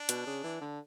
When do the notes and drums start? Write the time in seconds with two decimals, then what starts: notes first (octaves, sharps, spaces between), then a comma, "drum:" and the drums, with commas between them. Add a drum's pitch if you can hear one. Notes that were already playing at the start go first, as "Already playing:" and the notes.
Already playing: D4
0.09 B2, drum: hi-hat
0.26 C#3
0.44 E3
0.61 D3